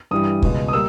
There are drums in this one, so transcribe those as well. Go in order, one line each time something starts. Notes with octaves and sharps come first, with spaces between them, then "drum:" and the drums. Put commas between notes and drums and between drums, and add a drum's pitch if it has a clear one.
G2 E3 G3 D#6
C#2 B2 G#3, drum: kick
D#6
G3 A#3 E6